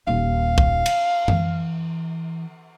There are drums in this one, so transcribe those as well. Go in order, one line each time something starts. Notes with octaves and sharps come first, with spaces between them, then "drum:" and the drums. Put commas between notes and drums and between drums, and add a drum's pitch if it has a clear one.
D#1 D#2 F5
drum: kick
drum: cymbal
E3, drum: tom F#2